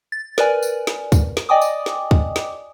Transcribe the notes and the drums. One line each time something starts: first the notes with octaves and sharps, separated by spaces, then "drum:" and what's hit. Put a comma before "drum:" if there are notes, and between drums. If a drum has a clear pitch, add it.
A6
A#4 B4 D5 G#5, drum: snare
drum: tambourine
drum: snare
drum: kick, tambourine
drum: snare
D5 D#5 G5 G#5 D6 D#6
drum: tambourine
drum: snare
drum: kick
drum: snare